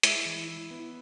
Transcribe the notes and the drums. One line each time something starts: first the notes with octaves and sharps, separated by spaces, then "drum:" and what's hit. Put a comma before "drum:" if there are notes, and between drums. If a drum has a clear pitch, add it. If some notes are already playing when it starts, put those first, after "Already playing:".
G#3 E4 E5, drum: hi-hat
E3
E4
B3